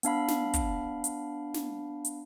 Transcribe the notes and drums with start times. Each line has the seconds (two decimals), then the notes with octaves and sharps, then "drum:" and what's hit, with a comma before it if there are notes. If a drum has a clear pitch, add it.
0.03 B3 D4 F5 B5, drum: hi-hat
0.28 drum: snare
0.54 drum: kick, hi-hat
1.04 drum: hi-hat
1.54 drum: snare
2.05 drum: hi-hat